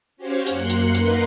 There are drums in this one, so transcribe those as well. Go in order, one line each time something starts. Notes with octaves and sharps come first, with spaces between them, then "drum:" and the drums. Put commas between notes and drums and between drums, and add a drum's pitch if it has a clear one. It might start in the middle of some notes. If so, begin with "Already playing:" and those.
C#4 F#4 G4 C5 C#5 F5
F#2 A#3 C6 F#6 C#7, drum: hi-hat
drum: hi-hat
A#3 D#4 A#4 B4 F#5 C6, drum: hi-hat